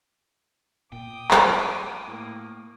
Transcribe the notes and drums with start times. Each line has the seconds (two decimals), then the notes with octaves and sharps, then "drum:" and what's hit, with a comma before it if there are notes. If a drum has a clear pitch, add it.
0.92 A#2 G5 D6 D#6
1.31 drum: clap
2.07 A2 A#3